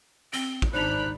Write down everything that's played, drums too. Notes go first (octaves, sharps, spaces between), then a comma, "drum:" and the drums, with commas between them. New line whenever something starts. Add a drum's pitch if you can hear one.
C4 G7, drum: hi-hat
drum: kick
G#1 D4 D#4 C5 B5 F#6 F7